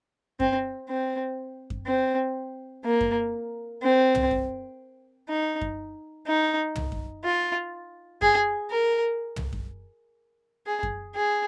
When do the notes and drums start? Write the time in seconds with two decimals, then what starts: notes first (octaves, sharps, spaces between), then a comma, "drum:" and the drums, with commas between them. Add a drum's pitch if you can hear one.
0.40 C4, drum: kick F#2
0.89 C4
1.70 drum: kick F#2
1.86 C4
2.85 A#3
3.01 drum: kick F#2
3.83 C4
4.15 drum: tom
4.31 drum: kick F#2
5.29 D#4
5.61 drum: kick F#2
6.27 D#4
6.75 drum: tom
6.92 drum: kick F#2
7.24 F4
8.22 G#4, drum: kick F#2
8.71 A#4
9.36 drum: tom
9.53 drum: kick F#2
10.66 G#4
10.83 drum: kick F#2
11.15 G#4